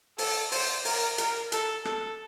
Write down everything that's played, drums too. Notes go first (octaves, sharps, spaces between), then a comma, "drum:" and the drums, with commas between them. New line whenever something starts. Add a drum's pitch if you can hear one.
A4, drum: open hi-hat
C5, drum: open hi-hat
A#4, drum: open hi-hat
A#4, drum: hi-hat
A4, drum: hi-hat
A4, drum: rim click